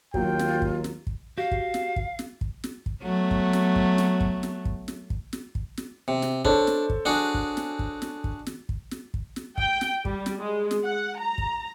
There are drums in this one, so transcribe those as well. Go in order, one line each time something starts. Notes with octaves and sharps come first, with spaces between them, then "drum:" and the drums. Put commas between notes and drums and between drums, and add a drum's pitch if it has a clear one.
D#2 F#3 A#3 F4 G5, drum: kick
drum: snare
drum: kick
drum: snare
drum: kick
F#4 G4 F5
drum: kick
drum: snare
drum: kick
drum: snare
drum: kick
drum: snare
drum: kick
F#3 A3 B3
drum: kick
drum: snare
drum: kick
drum: snare
drum: kick
drum: snare
drum: kick
drum: snare
drum: kick
drum: snare
drum: kick
drum: snare
C3
drum: snare
D4 A4 C5 C#5, drum: kick
drum: snare
drum: kick
D4 F#4 G#4
drum: kick
drum: snare
drum: kick
drum: snare
drum: kick
drum: snare
drum: kick
drum: snare
drum: kick
drum: snare
G5, drum: kick
drum: snare
G3, drum: kick
drum: snare
G#3
drum: snare
F#5
A#5
drum: kick